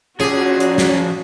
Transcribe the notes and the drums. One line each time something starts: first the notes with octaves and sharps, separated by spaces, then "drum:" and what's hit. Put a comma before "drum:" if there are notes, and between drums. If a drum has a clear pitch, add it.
F3 C#4 F#4 G#4 D5
drum: hi-hat
drum: snare